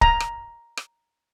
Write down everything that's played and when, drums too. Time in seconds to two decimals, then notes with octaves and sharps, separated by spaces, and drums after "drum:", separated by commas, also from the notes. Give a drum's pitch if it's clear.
0.01 A#5, drum: kick C#1
0.20 drum: rim click
0.77 drum: rim click